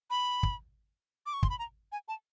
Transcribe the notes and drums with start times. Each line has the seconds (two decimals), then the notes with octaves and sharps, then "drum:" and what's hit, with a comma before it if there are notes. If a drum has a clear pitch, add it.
0.10 B5
0.43 drum: kick
1.26 D6
1.33 C#6
1.43 C6, drum: kick
1.50 B5
1.59 A#5
1.92 G#5
2.08 A5